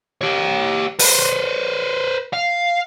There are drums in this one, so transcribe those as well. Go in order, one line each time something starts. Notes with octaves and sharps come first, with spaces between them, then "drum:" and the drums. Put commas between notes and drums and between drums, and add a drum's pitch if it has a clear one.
G4 C#5
B4 C5, drum: open hi-hat
F5